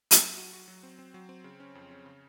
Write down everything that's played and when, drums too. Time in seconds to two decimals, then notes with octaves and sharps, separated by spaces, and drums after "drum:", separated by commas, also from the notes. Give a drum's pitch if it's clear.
0.11 drum: hi-hat
0.22 F#3
0.37 F#4
0.53 F#4
0.68 F#3
0.83 C4
0.99 C4
1.14 F#3
1.29 C4
1.44 C#3
1.60 C#4
1.75 F2
1.91 C#4
2.06 C#3